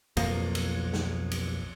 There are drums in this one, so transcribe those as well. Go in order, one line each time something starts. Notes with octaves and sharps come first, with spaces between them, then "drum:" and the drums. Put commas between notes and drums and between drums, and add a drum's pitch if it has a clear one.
B1 F2 F3 A#3, drum: cymbal
drum: cymbal
drum: snare
drum: cymbal